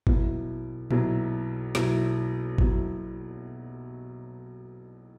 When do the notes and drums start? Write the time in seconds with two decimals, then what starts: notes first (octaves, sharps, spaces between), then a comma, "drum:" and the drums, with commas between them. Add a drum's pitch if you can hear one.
0.07 B1 B2 F#3 E4, drum: kick
0.90 B1 B2 F#3 E4, drum: tom A#2
1.75 B1 B2 F#3 E4, drum: snare
2.58 B1 B2 F#3 E4, drum: kick